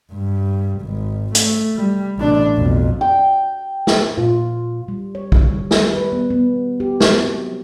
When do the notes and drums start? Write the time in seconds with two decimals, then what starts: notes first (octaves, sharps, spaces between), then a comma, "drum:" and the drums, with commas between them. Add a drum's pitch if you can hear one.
0.12 G2
0.81 G#1
1.35 A3, drum: hi-hat
1.77 G3
2.18 A1 D4
2.54 B1 F2
3.01 G5
3.87 drum: snare
4.17 A#2 F4 C5
4.88 G3
5.15 C#5
5.32 D#3, drum: kick
5.50 G3
5.71 G3, drum: snare
5.93 B4
6.12 B3
6.30 B3
6.80 G4
7.00 F#3, drum: snare
7.21 C4